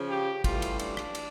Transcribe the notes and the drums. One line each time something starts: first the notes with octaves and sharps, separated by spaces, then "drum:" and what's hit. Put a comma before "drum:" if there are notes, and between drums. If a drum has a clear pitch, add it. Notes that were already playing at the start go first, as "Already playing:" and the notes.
Already playing: C#3 F3
G4
A2 E3 G3 F4, drum: kick, cymbal
drum: cymbal
D4, drum: cymbal
drum: rim click
drum: cymbal